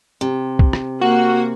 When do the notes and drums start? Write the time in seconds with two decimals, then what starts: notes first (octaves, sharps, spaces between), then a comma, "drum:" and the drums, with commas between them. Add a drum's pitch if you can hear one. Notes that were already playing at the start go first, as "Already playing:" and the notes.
0.21 C3
0.59 drum: kick
0.73 drum: rim click
1.01 A#3 F#4 F#5